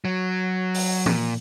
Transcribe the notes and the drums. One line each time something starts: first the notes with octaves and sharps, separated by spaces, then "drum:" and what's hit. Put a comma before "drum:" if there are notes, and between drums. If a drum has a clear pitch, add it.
F#3
drum: open hi-hat
A#2, drum: tom E3